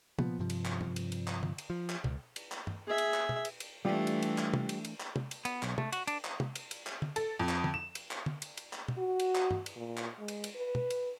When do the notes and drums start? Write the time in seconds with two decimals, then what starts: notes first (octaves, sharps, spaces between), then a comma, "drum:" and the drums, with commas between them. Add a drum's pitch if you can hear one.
0.19 A#2 F3 B3, drum: tom
0.39 G2 C3 F3
0.50 drum: cymbal
0.65 drum: clap
0.81 drum: tom G2
0.96 drum: cymbal
1.12 drum: cymbal
1.27 drum: clap
1.43 drum: tom
1.58 drum: cymbal
1.70 F3
1.89 drum: clap
2.04 C#2, drum: tom
2.36 drum: cymbal
2.52 drum: clap
2.67 drum: tom G2
2.88 G#4 E5
2.98 drum: cymbal
3.14 drum: clap
3.29 drum: tom
3.45 drum: cymbal
3.60 drum: cymbal
3.85 E3 G3 A3 D4 F4 G4
4.07 drum: cymbal
4.22 drum: cymbal
4.38 drum: clap
4.54 drum: tom
4.69 drum: cymbal
4.85 drum: cymbal
5.00 drum: clap
5.16 drum: tom
5.31 drum: cymbal
5.45 B3, drum: cymbal
5.62 B1, drum: clap
5.78 A3, drum: tom
5.92 F#4, drum: cymbal
6.07 D4, drum: cymbal
6.24 drum: clap
6.40 drum: tom
6.55 drum: cymbal
6.71 drum: cymbal
6.87 drum: clap
7.02 drum: tom
7.16 A4, drum: cymbal
7.39 F2
7.49 drum: clap
7.64 drum: tom
7.74 E7
7.95 drum: cymbal
8.11 drum: clap
8.26 drum: tom
8.42 drum: cymbal
8.57 drum: cymbal
8.73 drum: clap
8.88 drum: tom
8.98 F#4
9.20 drum: cymbal
9.35 drum: clap
9.51 drum: tom G2
9.66 drum: cymbal
9.77 A#2
9.97 drum: clap
10.19 G#3
10.28 drum: cymbal
10.44 drum: cymbal
10.56 B4
10.75 drum: tom
10.90 drum: cymbal